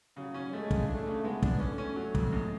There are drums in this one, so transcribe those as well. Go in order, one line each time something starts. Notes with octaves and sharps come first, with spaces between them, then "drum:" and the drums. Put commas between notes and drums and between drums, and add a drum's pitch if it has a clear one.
C#3 F#3
C#4
G#3 A3
C#3, drum: kick
A3 D4
C#3
G#3 B3
D4, drum: kick
A3 C#4
C#4
F#3
F2, drum: kick
G#2